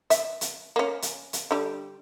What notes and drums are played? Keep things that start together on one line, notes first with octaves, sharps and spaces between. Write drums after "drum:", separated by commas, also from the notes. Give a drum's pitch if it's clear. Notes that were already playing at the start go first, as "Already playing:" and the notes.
E5, drum: hi-hat
drum: hi-hat
A#3 C#4
drum: hi-hat
drum: hi-hat
D3 G3